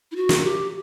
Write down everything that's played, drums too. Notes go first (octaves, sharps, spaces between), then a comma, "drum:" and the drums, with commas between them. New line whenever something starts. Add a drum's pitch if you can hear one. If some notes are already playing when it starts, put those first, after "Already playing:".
E4
F#4
drum: snare
G4